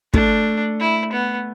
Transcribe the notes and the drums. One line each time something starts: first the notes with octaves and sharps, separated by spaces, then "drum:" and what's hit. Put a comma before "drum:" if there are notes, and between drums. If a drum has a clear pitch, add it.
A3 D4, drum: kick
E4
B3